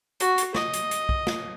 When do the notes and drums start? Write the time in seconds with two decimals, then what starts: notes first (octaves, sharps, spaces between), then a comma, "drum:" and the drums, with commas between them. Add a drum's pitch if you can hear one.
0.20 F#4, drum: hi-hat
0.38 drum: hi-hat
0.55 D#5, drum: snare
0.73 drum: hi-hat
0.91 drum: hi-hat
1.09 drum: kick
1.27 drum: snare